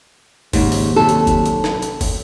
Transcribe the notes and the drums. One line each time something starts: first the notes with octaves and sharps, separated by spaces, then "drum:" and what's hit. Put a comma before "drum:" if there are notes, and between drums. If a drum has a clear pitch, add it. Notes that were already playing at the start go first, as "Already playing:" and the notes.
D#2 G#2 C#3, drum: kick, open hi-hat
drum: open hi-hat
F#2 C3 A4
drum: hi-hat
drum: kick, hi-hat
drum: hi-hat
drum: snare
drum: hi-hat
drum: kick, open hi-hat